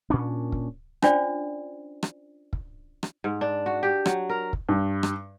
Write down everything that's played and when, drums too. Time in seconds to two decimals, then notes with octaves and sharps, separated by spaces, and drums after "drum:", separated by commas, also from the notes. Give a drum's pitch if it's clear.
0.10 A#2 C#4 D4
0.52 drum: kick
1.02 C#4 D4 F4 C5 D5, drum: rim click
2.03 drum: rim click
2.53 drum: kick
3.03 drum: rim click
3.24 G#2
3.41 D4
3.66 F#4
3.83 G4
4.06 F#3, drum: rim click
4.29 A#4
4.53 drum: kick
4.69 G2
5.03 drum: rim click